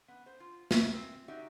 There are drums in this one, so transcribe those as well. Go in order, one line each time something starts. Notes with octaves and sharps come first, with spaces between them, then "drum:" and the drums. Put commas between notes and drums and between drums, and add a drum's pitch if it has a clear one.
B3
C5
F4
G3 C#4 F#4 D#5 E5, drum: snare
C4
D#4 F#4 G4 D5 E5